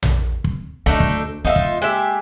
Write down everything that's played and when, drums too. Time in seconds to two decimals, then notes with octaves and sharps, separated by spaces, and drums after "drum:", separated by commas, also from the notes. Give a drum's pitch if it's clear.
0.03 drum: tom A#1
0.44 drum: kick
0.86 D2 A3 D4 D#4
1.00 drum: kick
1.45 A#3 D#4 F4 E5
1.56 drum: kick
1.82 G#3 G4 E5